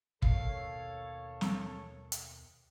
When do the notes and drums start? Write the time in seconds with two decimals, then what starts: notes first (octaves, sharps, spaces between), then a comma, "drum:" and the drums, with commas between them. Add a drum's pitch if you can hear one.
0.22 D#2 B2 A4 C#5 F5, drum: kick
1.41 drum: snare
2.12 drum: hi-hat